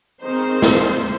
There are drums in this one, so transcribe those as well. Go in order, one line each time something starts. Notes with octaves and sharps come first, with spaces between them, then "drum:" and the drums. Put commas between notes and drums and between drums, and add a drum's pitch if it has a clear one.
D#3 G#3 C4 D#4 C5
drum: snare